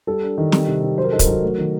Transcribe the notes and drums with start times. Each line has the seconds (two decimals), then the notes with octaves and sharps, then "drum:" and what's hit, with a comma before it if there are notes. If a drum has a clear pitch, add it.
0.07 G3 A4
0.22 D4
0.38 D#3
0.52 G3, drum: snare
0.67 C3
0.83 C3
0.97 F#3 C5
1.04 A#4
1.11 D#4 A4
1.19 A#4, drum: kick, hi-hat
1.27 F#3
1.43 A3
1.58 D#3